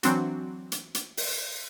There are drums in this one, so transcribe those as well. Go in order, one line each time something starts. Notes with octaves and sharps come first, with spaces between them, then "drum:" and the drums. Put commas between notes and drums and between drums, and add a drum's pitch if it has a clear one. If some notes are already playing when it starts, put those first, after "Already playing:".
E3 F#3 C4 D4 F#4, drum: hi-hat
drum: hi-hat
drum: hi-hat
drum: open hi-hat